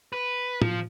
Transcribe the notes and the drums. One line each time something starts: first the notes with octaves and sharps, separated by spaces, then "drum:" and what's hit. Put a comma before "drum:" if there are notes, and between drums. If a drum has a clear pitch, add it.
B4
F3, drum: tom A2